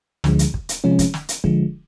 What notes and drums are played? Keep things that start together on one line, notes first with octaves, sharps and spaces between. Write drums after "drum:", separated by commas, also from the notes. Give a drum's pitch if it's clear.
D2 D3 F3 G#3, drum: snare
drum: hi-hat
drum: kick
drum: hi-hat
C3 F3 G#3 C#4
drum: kick, hi-hat
drum: snare
drum: hi-hat
D3 F3 G#3, drum: kick